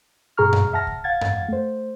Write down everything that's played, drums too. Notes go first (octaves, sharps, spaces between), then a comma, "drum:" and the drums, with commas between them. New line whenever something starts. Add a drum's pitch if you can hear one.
G2 B2 G#4 A#5 C#6 F6
drum: tom F#2
E5 F#5 A5 F6 A#6
drum: kick C2
F5 F#5 G#6 A6
drum: tom F#2
A3 C5